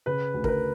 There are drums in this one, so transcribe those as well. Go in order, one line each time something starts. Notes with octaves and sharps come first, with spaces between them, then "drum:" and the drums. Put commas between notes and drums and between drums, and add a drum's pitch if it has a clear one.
C#3 B4
D2
A#4, drum: kick
B4